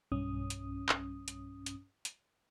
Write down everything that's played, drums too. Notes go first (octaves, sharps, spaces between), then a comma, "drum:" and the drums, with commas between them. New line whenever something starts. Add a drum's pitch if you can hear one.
B1 G2 C#4 D#6
drum: hi-hat
drum: clap
drum: hi-hat
drum: hi-hat
drum: hi-hat